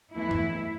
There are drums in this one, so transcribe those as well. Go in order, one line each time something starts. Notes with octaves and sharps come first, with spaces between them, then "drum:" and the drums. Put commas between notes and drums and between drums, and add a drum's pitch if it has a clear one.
E2 E3 A3 E4
drum: tom G2